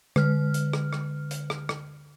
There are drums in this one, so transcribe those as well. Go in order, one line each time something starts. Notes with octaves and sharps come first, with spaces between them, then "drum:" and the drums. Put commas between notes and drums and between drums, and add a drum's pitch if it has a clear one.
D3 F6, drum: rim click
drum: hi-hat
drum: rim click
drum: rim click
drum: hi-hat
drum: rim click
drum: rim click